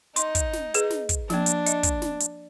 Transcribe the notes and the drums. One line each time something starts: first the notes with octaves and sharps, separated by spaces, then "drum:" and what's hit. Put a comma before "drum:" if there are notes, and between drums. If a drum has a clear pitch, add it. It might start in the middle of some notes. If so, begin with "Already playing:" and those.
D#4 C6, drum: hi-hat
drum: kick, hi-hat
drum: snare
G#4 B4, drum: hi-hat
drum: snare
drum: kick, hi-hat
F3 A#3 D4, drum: snare
drum: hi-hat
D#5, drum: hi-hat
drum: kick, hi-hat
drum: snare
drum: hi-hat